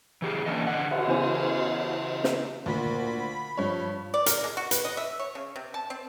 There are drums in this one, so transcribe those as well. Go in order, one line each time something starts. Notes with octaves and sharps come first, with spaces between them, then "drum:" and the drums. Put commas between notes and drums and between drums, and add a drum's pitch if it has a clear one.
E3 G4 G#4
E3 A#3 C#4 D4 D#5
D3 D#5 F#5
drum: cymbal
C#3 E3 B3 F#4 C5 G#5
drum: snare
D2 A#2 B5
G2 F3 C#5
D5
A#4, drum: hi-hat
G#3
F#4
B4, drum: hi-hat
D#5
E5
C#5
C#3
C3
A5
C4